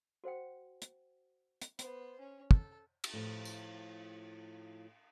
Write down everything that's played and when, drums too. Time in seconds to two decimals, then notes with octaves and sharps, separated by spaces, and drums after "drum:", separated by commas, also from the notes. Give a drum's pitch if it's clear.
0.24 F#4 C5 F#5 G5
0.82 drum: hi-hat
1.61 drum: hi-hat
1.79 B3 C5, drum: hi-hat
2.19 C#4
2.51 A4, drum: kick
3.04 drum: cymbal
3.14 A2 F3
3.45 drum: tambourine